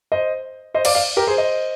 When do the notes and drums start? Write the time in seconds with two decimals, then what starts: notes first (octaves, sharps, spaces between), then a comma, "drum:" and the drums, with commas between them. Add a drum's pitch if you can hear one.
0.12 C5 D#5
0.74 C5 D#5
0.85 D5 F5, drum: cymbal
0.95 D5 F5
1.17 G4 A#4
1.27 G#4 C5
1.37 C5 D#5